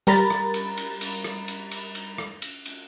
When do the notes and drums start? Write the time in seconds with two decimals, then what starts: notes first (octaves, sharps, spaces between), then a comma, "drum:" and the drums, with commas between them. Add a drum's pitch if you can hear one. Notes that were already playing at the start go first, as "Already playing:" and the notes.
0.07 G3 A#4 A#5 B5 A6, drum: cymbal
0.30 drum: rim click
0.54 drum: cymbal
0.77 drum: cymbal
1.01 drum: cymbal
1.24 drum: rim click
1.48 drum: cymbal
1.71 drum: cymbal
1.95 drum: cymbal
2.18 drum: rim click
2.42 drum: cymbal
2.65 drum: cymbal